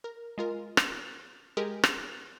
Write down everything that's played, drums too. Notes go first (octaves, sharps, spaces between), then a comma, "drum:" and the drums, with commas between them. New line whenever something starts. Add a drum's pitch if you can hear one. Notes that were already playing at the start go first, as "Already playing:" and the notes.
A#4
G#3 F4 A#4
drum: rim click
G#3 G4 G#4 A#4
drum: rim click